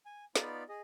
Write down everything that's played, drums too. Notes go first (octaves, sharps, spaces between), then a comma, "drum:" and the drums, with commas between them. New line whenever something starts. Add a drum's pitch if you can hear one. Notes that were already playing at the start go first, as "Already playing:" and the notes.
G#5
B3 D#4 F4 D5 B5, drum: snare
G#4 D#5